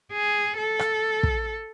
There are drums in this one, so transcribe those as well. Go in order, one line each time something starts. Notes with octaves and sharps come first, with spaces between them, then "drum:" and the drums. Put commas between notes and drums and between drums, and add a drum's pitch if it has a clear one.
G#4
A4
drum: rim click
drum: kick